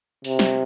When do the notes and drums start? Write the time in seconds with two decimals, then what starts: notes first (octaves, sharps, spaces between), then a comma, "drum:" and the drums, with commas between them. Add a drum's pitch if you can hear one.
0.24 C3, drum: open hi-hat
0.39 drum: snare